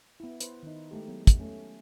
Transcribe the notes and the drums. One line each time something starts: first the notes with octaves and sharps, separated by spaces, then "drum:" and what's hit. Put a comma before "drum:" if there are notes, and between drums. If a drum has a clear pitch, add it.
B3 E4
B4 C5, drum: hi-hat
D#3 D#4
G#3 A3 G4
F#3 B3
drum: kick, hi-hat
A3 C#4